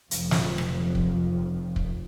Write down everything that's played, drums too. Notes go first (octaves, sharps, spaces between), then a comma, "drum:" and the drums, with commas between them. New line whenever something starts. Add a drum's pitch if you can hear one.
F1 B1 F2 F3, drum: hi-hat
drum: snare
drum: rim click
drum: kick
drum: kick